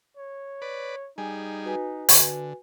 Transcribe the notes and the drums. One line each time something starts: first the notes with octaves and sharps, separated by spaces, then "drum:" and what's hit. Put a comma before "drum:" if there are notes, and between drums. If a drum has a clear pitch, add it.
C#5
B4 D5
G3 D#4 G#4 G#5
F#4 B4 G#5
D3, drum: open hi-hat